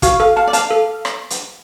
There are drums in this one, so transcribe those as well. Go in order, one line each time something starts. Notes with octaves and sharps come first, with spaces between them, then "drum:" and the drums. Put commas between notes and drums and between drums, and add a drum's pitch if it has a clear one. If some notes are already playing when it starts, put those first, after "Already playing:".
F#4 F5, drum: kick, hi-hat
A4 F5
F5 A5
D5
F5 A5, drum: hi-hat
A4
drum: rim click
drum: hi-hat